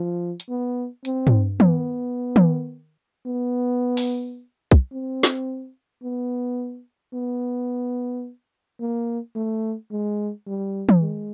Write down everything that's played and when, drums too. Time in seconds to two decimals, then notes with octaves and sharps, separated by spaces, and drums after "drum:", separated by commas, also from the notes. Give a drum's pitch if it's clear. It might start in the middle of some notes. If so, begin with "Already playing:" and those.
Already playing: F3
0.40 drum: hi-hat
0.49 B3
1.05 C4, drum: hi-hat
1.27 drum: tom
1.60 B3, drum: tom
2.36 drum: tom
3.26 B3
3.97 drum: open hi-hat
4.71 drum: kick
4.92 C4
5.23 drum: snare
6.03 B3
7.14 B3
8.80 A#3
9.35 A3
9.91 G#3
10.47 G3
10.89 drum: tom
11.02 G#3